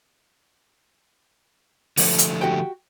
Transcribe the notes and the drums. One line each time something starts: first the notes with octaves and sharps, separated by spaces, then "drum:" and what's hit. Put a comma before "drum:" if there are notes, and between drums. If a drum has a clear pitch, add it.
D3 F3 A3, drum: open hi-hat
drum: hi-hat
F#4 G4 G5